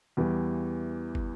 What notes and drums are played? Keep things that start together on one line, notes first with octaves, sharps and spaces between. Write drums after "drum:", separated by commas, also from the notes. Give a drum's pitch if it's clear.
E2 E3 G3
drum: kick